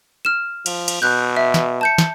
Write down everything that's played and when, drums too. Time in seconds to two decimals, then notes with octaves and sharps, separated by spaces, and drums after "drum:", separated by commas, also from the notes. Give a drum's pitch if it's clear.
0.25 F6 E7
0.66 F3, drum: cymbal
0.88 drum: cymbal
1.02 B2 F#6 G6
1.37 E5
1.54 drum: snare
1.81 A5 G6 C#7
1.98 drum: snare